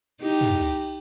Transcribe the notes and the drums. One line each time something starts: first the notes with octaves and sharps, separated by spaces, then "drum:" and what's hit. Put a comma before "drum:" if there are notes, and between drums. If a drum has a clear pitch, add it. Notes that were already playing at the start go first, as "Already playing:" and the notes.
D#4 G4
drum: tom
drum: cymbal
drum: cymbal